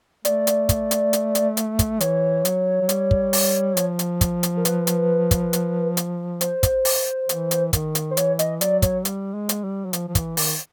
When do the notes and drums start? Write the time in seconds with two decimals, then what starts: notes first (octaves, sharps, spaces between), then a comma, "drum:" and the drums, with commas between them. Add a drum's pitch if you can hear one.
0.25 A3 D5, drum: hi-hat
0.47 drum: hi-hat
0.69 drum: kick, hi-hat
0.91 drum: hi-hat
1.13 drum: hi-hat
1.35 drum: hi-hat
1.57 drum: hi-hat
1.79 drum: kick, hi-hat
2.00 E3 C#5, drum: hi-hat
2.45 F#3, drum: hi-hat
2.81 F#3
2.89 G3, drum: hi-hat
3.11 drum: kick
3.33 drum: open hi-hat
3.77 F3, drum: hi-hat
3.99 drum: hi-hat
4.21 drum: kick, hi-hat
4.43 drum: hi-hat
4.57 A#4
4.65 B4, drum: hi-hat
4.87 drum: hi-hat
5.31 drum: kick, hi-hat
5.53 drum: hi-hat
5.97 drum: hi-hat
6.41 C5, drum: hi-hat
6.63 drum: kick, hi-hat
6.85 drum: open hi-hat
7.29 E3, drum: hi-hat
7.51 drum: hi-hat
7.73 D#3, drum: kick, hi-hat
7.95 drum: hi-hat
8.11 C5
8.17 E3 C#5, drum: hi-hat
8.39 D#5, drum: hi-hat
8.61 F#3 D5, drum: hi-hat
8.82 C#5, drum: kick, hi-hat
9.05 G3, drum: hi-hat
9.34 G#3
9.49 drum: hi-hat
9.64 G3
9.85 F#3
9.93 F3, drum: hi-hat
10.09 F3
10.15 E3, drum: kick, hi-hat
10.37 D#3, drum: open hi-hat